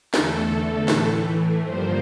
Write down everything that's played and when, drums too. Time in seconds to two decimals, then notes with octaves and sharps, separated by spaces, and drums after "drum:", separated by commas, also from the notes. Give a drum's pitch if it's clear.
0.14 E2 D3 A3 A4, drum: snare
0.88 A2 E3 A3, drum: snare
1.63 G2 D3 F3 A#3 C5